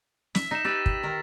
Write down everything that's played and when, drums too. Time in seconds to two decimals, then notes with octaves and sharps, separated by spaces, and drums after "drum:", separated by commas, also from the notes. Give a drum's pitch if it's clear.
0.35 E5 B6, drum: snare
0.51 D#4 A#6 E7
0.65 G4 B4 E6 A6
0.86 drum: kick
1.03 D#3 A#4